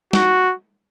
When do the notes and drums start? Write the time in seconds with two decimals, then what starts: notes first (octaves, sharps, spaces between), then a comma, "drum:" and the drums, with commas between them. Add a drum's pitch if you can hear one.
0.13 F#4, drum: snare